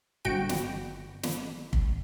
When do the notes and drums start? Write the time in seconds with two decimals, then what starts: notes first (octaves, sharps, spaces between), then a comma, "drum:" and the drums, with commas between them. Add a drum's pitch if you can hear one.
0.25 G1 F#4 G5 D7
0.49 drum: snare
1.23 drum: snare
1.73 drum: kick